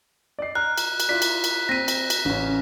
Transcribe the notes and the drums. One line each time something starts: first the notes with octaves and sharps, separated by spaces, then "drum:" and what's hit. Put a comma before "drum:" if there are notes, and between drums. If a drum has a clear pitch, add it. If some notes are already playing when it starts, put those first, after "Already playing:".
D5 D#5 C7
A#5 F6 F#6
drum: cymbal
drum: cymbal
E4 F4 D5 B6
drum: cymbal
drum: cymbal
C4 A#6 B6 D#7
drum: cymbal
drum: cymbal
A1 C#4